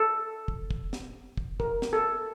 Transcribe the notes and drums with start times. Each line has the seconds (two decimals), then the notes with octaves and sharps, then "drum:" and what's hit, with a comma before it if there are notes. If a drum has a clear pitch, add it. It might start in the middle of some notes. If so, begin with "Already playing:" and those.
Already playing: A4
0.48 drum: kick
0.71 drum: kick
0.93 drum: snare
1.37 drum: kick
1.60 A#4, drum: kick
1.82 drum: snare
1.93 A4